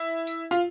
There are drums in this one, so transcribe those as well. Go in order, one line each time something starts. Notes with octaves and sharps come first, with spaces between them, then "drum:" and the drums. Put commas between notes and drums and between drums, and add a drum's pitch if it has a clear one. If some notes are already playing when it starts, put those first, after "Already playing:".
Already playing: E4
drum: tambourine
F4, drum: tambourine